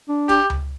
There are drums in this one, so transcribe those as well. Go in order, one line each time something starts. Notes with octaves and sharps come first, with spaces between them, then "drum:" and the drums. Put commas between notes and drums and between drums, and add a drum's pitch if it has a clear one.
D4
G4, drum: snare
drum: tom C#2